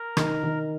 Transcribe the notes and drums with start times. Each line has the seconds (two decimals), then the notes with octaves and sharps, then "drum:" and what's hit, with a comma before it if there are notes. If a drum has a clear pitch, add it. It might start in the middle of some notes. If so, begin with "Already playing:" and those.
Already playing: A#4
0.17 D#3, drum: rim click
0.43 D#3